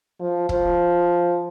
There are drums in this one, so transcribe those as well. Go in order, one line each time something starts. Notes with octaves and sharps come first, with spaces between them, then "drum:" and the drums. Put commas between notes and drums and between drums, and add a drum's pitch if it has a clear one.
F3
F3, drum: kick